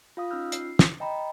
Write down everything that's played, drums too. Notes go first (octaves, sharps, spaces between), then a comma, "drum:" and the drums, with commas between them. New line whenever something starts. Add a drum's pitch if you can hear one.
F4 F5 D#6
C#4 D#4 F4 E6 F6 G6
C7, drum: hi-hat
drum: snare
D#5 G5 A#5 B5